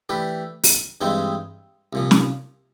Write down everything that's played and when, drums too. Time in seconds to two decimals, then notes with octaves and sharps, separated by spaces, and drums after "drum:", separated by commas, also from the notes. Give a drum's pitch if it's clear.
0.09 E3 A3 D4 G4 B4
0.64 drum: open hi-hat
1.01 G2 E3 G#3 C4 D#4
1.93 C2 A#2 F3
2.11 drum: snare